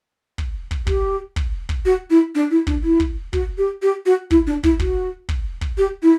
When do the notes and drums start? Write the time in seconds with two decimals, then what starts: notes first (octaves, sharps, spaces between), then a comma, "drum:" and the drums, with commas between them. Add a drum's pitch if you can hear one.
0.38 drum: kick
0.71 drum: kick
0.87 G4, drum: kick
1.36 drum: kick
1.69 drum: kick
1.85 F#4
2.10 E4
2.35 D4
2.51 E4
2.67 D4, drum: kick
2.84 E4
3.00 drum: kick
3.33 F#4, drum: kick
3.58 G4
3.82 G4
4.06 F#4
4.31 E4, drum: kick
4.47 D4
4.64 E4, drum: kick
4.79 F#4, drum: kick
5.29 drum: kick
5.61 drum: kick
5.78 G4
6.02 E4